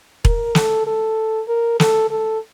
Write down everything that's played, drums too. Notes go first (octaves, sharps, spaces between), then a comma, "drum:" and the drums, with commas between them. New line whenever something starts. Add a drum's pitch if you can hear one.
A#4, drum: kick E1
A4, drum: snare
A4
A#4
A4, drum: snare
A4